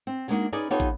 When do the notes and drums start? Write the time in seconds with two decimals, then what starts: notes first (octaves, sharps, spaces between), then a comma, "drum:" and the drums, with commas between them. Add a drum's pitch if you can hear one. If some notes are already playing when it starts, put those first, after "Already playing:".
0.07 C4
0.28 G3 G#3 A#3 D4 D#4 F#4
0.52 C#4 D#4 G#4 B4 D5
0.70 B3 D#4 F4 G4 A4 C#5
0.80 drum: kick